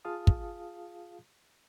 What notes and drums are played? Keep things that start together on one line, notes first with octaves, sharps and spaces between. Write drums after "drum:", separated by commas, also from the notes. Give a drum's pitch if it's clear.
F4 G#4 F5 A5 D#6
drum: kick